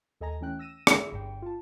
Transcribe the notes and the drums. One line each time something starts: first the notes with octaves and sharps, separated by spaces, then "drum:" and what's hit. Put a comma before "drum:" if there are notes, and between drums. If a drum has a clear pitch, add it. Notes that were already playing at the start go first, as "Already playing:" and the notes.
D#2 A4 D#5 G#5 A#5 A#6
E3 A3 C#4 G5 F#6
E6 A#6 D#7 E7
G#4 D5 E5 D#6 E6, drum: rim click
G1 G2 G5
F4 A5